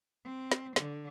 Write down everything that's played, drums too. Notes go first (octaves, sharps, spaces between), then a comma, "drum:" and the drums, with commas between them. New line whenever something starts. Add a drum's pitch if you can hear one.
C4
drum: snare
D3, drum: snare